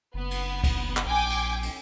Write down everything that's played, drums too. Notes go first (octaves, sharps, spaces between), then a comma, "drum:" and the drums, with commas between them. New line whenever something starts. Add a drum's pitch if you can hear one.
F#1 B3
drum: cymbal
drum: kick, cymbal
drum: clap
A#1 G5 G#5 D6
drum: cymbal
drum: cymbal